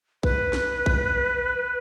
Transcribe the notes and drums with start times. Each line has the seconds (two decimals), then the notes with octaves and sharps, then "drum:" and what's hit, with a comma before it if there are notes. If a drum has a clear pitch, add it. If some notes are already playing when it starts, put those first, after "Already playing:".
0.23 B4, drum: kick A#1
0.53 drum: snare
0.86 drum: kick A#1